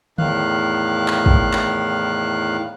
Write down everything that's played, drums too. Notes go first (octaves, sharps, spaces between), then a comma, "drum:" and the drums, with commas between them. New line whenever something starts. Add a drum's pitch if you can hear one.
E2 A2 D#3 F5 F#6, drum: tom D3
drum: clap
drum: kick
drum: clap